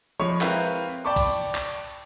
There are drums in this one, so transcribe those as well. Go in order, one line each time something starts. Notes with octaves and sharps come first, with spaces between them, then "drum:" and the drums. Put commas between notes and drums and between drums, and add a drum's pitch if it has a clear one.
F3 G#3 C#5 B5 C#6
C4 E4 A#4 B4 F5, drum: clap
D5 G5 A5 B5 C#6 D6
drum: kick, cymbal
drum: clap